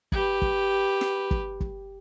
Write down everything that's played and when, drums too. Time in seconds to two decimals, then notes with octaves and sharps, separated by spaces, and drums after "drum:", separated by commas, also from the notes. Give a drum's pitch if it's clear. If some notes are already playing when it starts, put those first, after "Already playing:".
0.12 G4 B4, drum: kick
0.42 drum: kick
1.01 drum: snare
1.31 drum: kick
1.60 drum: kick